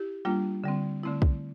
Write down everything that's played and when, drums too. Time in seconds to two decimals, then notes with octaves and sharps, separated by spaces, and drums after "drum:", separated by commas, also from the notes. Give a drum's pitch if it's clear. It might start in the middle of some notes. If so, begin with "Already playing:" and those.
Already playing: E4 G4
0.25 G3 A#3 D4 F4
0.64 D3 G3 C4
1.03 D3 A3 C4 E4
1.22 drum: kick